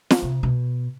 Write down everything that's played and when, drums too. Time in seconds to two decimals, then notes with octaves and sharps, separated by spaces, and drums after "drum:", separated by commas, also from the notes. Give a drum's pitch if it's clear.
0.11 drum: snare
0.22 C3
0.43 B2